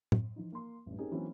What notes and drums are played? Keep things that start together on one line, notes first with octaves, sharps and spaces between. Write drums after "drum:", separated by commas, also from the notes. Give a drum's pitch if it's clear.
drum: tom A2
E3 F3 D#4
A#3 C6
A1 G2
C4 C#4 D#4 G4 G#4 A#4
E3 F#3 A#3 C4 C#4 D#4